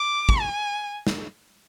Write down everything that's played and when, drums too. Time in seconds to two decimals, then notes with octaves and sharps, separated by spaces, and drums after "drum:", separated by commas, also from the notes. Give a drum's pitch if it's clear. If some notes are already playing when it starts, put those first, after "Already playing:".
Already playing: D6
0.29 drum: kick
0.40 G#5
1.07 drum: snare